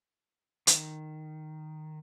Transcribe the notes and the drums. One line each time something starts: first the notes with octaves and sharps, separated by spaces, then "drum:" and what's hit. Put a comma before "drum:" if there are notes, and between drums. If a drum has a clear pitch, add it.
D#3, drum: hi-hat